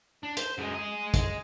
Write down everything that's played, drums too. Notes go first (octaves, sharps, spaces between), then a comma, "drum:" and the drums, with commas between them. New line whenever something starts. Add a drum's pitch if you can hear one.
D4
C5, drum: hi-hat
F#2 G#3
G#4 D#5
drum: kick, hi-hat